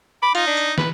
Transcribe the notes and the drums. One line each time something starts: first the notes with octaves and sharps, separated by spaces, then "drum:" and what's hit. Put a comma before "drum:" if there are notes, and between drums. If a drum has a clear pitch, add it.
B5 D6
D#4 F4, drum: hi-hat
D4
drum: hi-hat
B4, drum: snare